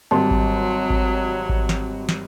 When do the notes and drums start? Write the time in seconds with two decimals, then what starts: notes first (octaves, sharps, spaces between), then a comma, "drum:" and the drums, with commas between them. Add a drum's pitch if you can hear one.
0.11 G#1 F#3 G3 A5 C6
0.31 drum: kick G#1
0.90 drum: kick G#1
1.49 drum: kick G#1
1.69 drum: snare
2.09 drum: snare